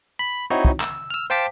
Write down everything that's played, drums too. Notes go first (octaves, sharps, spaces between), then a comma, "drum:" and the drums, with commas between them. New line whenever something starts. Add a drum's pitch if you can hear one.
B5
C4 D#4 E4 F#4 C#5
drum: kick
E6, drum: clap
E6 F6
C5 F5 G5 A5 D6 B6